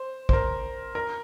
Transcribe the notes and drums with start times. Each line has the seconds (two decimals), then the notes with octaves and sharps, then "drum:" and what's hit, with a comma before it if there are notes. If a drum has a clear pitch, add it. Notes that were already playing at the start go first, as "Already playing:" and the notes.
Already playing: C5
0.29 C5, drum: kick
0.33 A#4
0.95 A#4